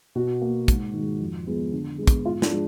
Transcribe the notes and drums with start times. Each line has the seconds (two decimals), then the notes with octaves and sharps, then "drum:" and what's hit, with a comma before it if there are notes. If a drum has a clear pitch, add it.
0.15 B2 F#4
0.42 A#3
0.68 G#2, drum: kick, hi-hat
0.93 D#3
0.99 G#3
1.20 F2
1.46 F3 G#3 B3
1.73 D3
1.98 G#3 B3
2.07 drum: kick, hi-hat
2.25 G#2 F4
2.42 D4, drum: snare
2.52 F3 G#3